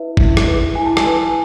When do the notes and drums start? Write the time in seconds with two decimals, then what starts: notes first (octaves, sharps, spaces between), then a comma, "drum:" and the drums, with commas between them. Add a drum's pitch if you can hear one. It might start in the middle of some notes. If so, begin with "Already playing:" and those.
Already playing: E4 B4 E5
0.17 E4, drum: kick
0.37 drum: rim click
0.47 B4
0.75 E4 G#5
0.86 A5
0.97 G#5, drum: rim click
1.05 B4